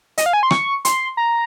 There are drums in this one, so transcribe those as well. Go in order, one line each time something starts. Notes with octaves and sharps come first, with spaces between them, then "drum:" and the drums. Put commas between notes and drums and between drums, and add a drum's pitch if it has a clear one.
D#5, drum: hi-hat
F5
G#5
C6
C#6, drum: rim click
C6, drum: hi-hat
A#5